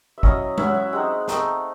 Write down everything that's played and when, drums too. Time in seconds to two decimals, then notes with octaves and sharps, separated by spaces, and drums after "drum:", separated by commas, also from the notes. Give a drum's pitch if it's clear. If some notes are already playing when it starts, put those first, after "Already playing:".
0.18 E5
0.23 F#3 C#4 E4 D#5, drum: kick
0.58 F#3 C#4 E4 E5, drum: tom G#3
0.66 F#5
0.75 E5
0.93 G#3 C4 D#4 F#5
1.28 A3 C4 D#4, drum: snare